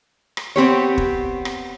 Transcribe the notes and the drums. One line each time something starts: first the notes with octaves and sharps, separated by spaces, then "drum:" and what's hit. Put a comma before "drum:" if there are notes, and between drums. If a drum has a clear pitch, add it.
drum: rim click
B3 C4 G4 C#5
drum: kick
drum: rim click